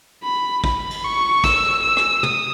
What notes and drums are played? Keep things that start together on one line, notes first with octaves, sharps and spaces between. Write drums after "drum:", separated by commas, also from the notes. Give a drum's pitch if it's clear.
B5
B5, drum: kick
drum: cymbal
C#6
E6, drum: kick, cymbal
E6
drum: rim click
D#6, drum: tom